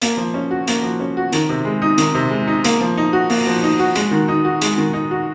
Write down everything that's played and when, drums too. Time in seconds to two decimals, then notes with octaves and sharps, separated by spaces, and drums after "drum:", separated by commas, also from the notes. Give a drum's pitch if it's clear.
0.02 A#3, drum: hi-hat
0.17 F3
0.34 C#4
0.51 F#4
0.67 A#3, drum: hi-hat
0.83 F3
1.00 C#4
1.17 F#4
1.32 D#3, drum: hi-hat
1.49 C3
1.65 G#3
1.82 D#4
1.98 D#3, drum: hi-hat
2.15 C3
2.31 G#3
2.48 D#4
2.64 A#3, drum: hi-hat
2.80 F3
2.97 D#4
3.13 F#4
3.30 A#3, drum: open hi-hat
3.46 F3
3.63 D#4
3.79 F#4
3.95 G#3, drum: hi-hat
4.11 D#3
4.28 D#4
4.45 F#4
4.61 G#3, drum: hi-hat
4.78 D#3
4.93 D#4
5.11 F#4